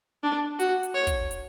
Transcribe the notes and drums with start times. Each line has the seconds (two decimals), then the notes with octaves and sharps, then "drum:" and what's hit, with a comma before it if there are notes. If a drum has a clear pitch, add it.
0.23 D4
0.60 F#4, drum: hi-hat
0.83 drum: hi-hat
0.95 C#5
1.07 drum: kick, hi-hat
1.31 drum: hi-hat